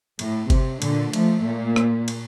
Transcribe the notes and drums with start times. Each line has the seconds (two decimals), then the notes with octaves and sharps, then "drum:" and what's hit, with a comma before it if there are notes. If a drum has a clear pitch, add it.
0.19 A2, drum: cymbal
0.50 C3, drum: kick G1, cymbal
0.82 A#2 D3, drum: cymbal
1.13 F3 A3, drum: cymbal
1.45 A#2
1.76 drum: rim click
2.08 drum: cymbal